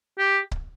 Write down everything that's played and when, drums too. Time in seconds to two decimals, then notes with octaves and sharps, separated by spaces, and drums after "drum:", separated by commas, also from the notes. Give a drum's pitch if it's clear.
0.19 G4
0.51 drum: kick C#1